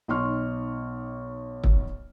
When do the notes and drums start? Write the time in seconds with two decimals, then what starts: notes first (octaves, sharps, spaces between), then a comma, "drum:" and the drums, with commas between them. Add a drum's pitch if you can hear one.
0.08 B1 D#4 C6 C#6 F6
1.64 drum: kick